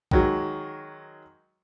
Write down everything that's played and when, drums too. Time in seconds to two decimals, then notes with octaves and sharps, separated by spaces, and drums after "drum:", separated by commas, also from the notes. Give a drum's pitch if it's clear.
0.11 D#3 F#3 G#3, drum: kick A#1